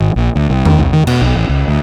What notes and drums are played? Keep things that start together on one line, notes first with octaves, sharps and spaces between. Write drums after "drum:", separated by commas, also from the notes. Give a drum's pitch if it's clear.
G#1
A#1
D2
C2
D#3, drum: tom E2
C2
D#3
B2, drum: cymbal
B1
A1
C#2
D2